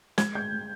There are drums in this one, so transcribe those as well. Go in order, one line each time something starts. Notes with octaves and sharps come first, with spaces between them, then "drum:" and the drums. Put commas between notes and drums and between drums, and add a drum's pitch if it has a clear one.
G#3 G#6, drum: snare
G#3 G6
G#3